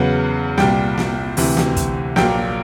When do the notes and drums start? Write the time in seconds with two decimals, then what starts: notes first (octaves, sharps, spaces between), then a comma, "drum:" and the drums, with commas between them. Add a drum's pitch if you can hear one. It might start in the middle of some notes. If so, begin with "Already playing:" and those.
Already playing: E2 C#3 F#3 B3 F#5
0.58 C2 A#2 G3 G5, drum: snare
0.98 drum: snare
1.37 D2 C3 E3, drum: open hi-hat
1.57 drum: snare
1.77 drum: kick, hi-hat
2.16 A#1 A#2 F#3 A#3 G5, drum: snare